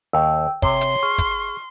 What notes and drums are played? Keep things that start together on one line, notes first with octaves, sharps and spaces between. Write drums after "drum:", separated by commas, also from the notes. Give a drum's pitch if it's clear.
D#2 G5 E6
C3 C#5 G5 C6, drum: kick
drum: hi-hat
G#4 C#6 F6
drum: kick, hi-hat